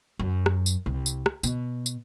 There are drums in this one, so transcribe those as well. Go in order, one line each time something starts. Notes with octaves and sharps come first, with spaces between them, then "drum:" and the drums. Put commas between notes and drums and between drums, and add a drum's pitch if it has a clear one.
F#2
drum: rim click
drum: tambourine
C2
drum: tambourine
drum: rim click
B2, drum: tambourine
drum: tambourine